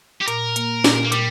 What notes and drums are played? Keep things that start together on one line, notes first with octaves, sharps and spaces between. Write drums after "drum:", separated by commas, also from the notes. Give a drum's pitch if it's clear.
G4
A#2 A#4, drum: hi-hat
A#3, drum: hi-hat
A#2, drum: snare
A#3
A#2 G3, drum: hi-hat